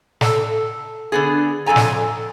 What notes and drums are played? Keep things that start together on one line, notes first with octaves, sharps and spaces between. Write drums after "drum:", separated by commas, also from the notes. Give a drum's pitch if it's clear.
A4, drum: snare
D3 B3 G#4
F2 E3 A4 G#5 A#5
drum: snare